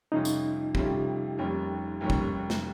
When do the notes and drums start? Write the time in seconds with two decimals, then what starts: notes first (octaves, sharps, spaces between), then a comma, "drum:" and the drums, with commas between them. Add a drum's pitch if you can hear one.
0.12 F2 C3 G3 C#4 D#4 F4
0.25 drum: tambourine
0.75 F2 C3 G3 C#4 F4 G4, drum: kick
1.38 F1 D#2 D#3 G3 C#4
2.01 F1 D#2 D#3 G3 C#4
2.10 drum: kick
2.50 drum: snare